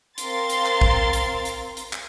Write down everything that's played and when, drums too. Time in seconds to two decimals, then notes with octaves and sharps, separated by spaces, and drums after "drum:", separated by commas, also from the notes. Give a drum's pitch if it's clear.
0.18 C4 A#4 F5 C6 A6, drum: hi-hat
0.50 drum: hi-hat
0.66 drum: clap
0.81 drum: kick
1.13 drum: hi-hat
1.45 drum: hi-hat
1.77 drum: hi-hat
1.93 drum: clap